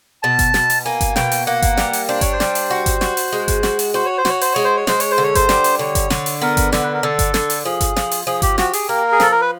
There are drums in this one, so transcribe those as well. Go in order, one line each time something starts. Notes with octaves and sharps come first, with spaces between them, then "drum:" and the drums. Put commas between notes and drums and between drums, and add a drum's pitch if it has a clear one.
B2 A5
drum: kick G1, hi-hat
B2, drum: snare
drum: open hi-hat
A#3 G#5
drum: kick G1, hi-hat
B2 G5, drum: snare
drum: open hi-hat
A#3 F#5
drum: kick G1, hi-hat
G3, drum: snare
drum: open hi-hat
D4 C5
C#5, drum: kick G1, hi-hat
C5
G3, drum: snare
drum: open hi-hat
F#4
drum: kick G1, hi-hat
F#4, drum: snare
drum: open hi-hat
G#3
drum: kick G1, hi-hat
F#4, drum: snare
drum: open hi-hat
F#4 C5
C#5
C5
F#4 C#5, drum: snare
C5, drum: open hi-hat
G#3 C#5
C5
C#5
G#3 C5, drum: snare
C#5, drum: open hi-hat
C5
D3
C#5
C5, drum: kick G1, hi-hat
G3, drum: snare
drum: open hi-hat
D3 C#5
drum: kick G1, hi-hat
D3, drum: snare
drum: open hi-hat
B3 A#4
drum: kick G1, hi-hat
D3, drum: snare
B4
A#4
D3 A4
drum: kick G1, hi-hat
D3, drum: snare
drum: open hi-hat
F3 G#4
drum: kick G1, hi-hat
F3, drum: snare
drum: open hi-hat
F3 G#4
G4, drum: kick G1, hi-hat
F#4 G4, drum: snare
G#4, drum: open hi-hat
A#3 A#4
G#4
F3 A4, drum: snare
A#4
B4